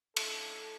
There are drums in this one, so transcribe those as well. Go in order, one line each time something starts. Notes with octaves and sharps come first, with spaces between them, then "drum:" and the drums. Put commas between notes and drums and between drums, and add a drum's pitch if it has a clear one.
A4, drum: cymbal